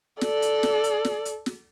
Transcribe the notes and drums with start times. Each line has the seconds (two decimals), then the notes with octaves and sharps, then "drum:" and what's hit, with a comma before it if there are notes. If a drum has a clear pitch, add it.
0.21 A4 D5, drum: snare
0.42 drum: hi-hat
0.63 drum: snare
0.84 drum: hi-hat
1.05 drum: snare
1.25 drum: hi-hat
1.46 drum: snare